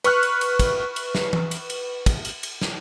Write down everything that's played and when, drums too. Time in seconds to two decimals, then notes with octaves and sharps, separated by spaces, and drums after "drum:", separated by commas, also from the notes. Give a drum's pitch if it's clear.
0.04 B4 C#6 F6 F#6, drum: cymbal
0.23 drum: cymbal
0.41 drum: cymbal
0.60 drum: kick, cymbal
0.96 drum: cymbal
1.15 drum: snare
1.33 drum: tom
1.51 drum: cymbal
1.70 drum: cymbal
2.06 drum: kick, cymbal
2.25 drum: cymbal
2.43 drum: cymbal
2.61 drum: snare